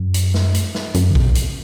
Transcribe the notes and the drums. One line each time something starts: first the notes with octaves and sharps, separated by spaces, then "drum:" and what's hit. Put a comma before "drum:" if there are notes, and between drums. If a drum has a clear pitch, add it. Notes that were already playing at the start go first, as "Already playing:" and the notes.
Already playing: F#2
drum: hi-hat
drum: snare
drum: hi-hat
drum: snare
F#2, drum: hi-hat
D3
B2, drum: kick A#1
drum: hi-hat